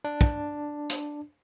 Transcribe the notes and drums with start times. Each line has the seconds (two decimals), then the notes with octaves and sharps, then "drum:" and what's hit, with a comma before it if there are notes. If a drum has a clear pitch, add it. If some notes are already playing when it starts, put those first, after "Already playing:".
0.05 D4
0.21 drum: kick
0.90 drum: hi-hat